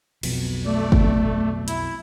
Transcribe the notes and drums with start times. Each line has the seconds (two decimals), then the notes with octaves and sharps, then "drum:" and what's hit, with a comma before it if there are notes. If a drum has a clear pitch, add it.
0.23 B1 F2 B2, drum: cymbal
0.66 A3 D5
0.92 drum: kick
1.68 E4, drum: hi-hat